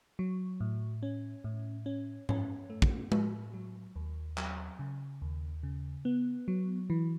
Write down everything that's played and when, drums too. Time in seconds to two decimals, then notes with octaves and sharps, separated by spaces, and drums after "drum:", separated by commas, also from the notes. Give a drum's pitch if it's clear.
0.19 F#3
0.60 A2
1.03 C#4
1.44 A2
1.86 C#4
2.29 C#4, drum: tom G#2
2.70 A3
2.82 drum: kick
3.12 A2, drum: tom G#3
3.54 F#3
3.96 D#2
4.38 F#3, drum: clap
4.79 C#3
5.22 D#2
5.63 C#3
6.05 B3
6.48 F#3
6.90 E3